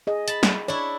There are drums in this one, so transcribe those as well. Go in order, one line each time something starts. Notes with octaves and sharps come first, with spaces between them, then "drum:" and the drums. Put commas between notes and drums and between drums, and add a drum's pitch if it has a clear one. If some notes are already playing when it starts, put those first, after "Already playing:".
G#4 D#5
A5 B5, drum: hi-hat
drum: snare
D4 E4 C#5